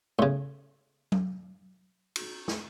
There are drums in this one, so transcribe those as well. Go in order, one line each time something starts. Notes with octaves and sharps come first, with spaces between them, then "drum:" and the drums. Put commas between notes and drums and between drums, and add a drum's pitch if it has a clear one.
A2 C#3
drum: tom F#3
drum: cymbal
drum: snare